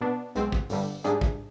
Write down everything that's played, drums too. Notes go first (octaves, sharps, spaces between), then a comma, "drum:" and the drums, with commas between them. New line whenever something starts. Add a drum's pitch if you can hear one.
B2 B3 D4
B1 B2 G#3 C4, drum: hi-hat
drum: kick
G1 G2 D3 G3, drum: open hi-hat
G#2 G3 D4 G#4, drum: hi-hat
drum: kick